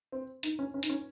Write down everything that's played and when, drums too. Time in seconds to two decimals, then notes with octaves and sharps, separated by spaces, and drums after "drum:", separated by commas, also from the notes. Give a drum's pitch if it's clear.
0.12 C4
0.43 D#4, drum: hi-hat
0.59 C#4
0.74 C#4
0.83 D#4, drum: hi-hat
0.89 C#4